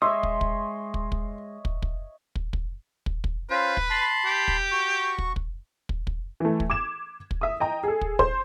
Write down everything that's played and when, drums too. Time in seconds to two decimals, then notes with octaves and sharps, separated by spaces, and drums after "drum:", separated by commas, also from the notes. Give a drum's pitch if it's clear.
0.02 G#3 C#5 D#5 E5 C6 D#6
0.23 drum: kick
0.41 drum: kick
0.94 drum: kick
1.12 drum: kick
1.65 drum: kick
1.82 drum: kick
2.36 drum: kick
2.53 drum: kick
3.06 drum: kick
3.24 drum: kick
3.50 C#4 F4 B4 C5
3.77 drum: kick
3.90 A5 B5 C6
4.25 G4
4.48 drum: kick
4.71 F#4 C#6
5.19 drum: kick
5.36 drum: kick
5.89 drum: kick
6.07 drum: kick
6.40 E3 A3
6.60 drum: kick
6.70 D6 G#6 E7
7.31 drum: kick
7.41 E5 D#6
7.60 D#5 G5 A#5
7.84 G#4 A4
8.01 drum: kick
8.19 C5 C6, drum: kick